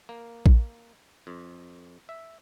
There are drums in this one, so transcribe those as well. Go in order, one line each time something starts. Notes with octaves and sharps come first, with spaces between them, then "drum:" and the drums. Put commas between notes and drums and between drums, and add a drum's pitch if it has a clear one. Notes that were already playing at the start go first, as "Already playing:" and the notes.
A#3
drum: kick A#1
F2
E5